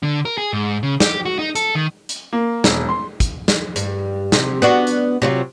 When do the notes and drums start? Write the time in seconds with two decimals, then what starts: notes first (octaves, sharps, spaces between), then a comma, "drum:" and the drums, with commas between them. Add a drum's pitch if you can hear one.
0.03 D3
0.25 A#4
0.38 G#4
0.53 G#2
0.83 C#3
1.00 G4, drum: snare
1.25 F#4
1.39 D#4
1.55 A4, drum: hi-hat
1.75 D#3
2.09 drum: hi-hat
2.33 A#3
2.64 E1, drum: snare
2.89 C6
3.20 drum: kick, hi-hat
3.48 drum: snare
3.76 G2, drum: hi-hat
4.32 C3, drum: snare
4.62 B3 D4 F#4
4.87 drum: hi-hat
5.22 C3 F#3 F4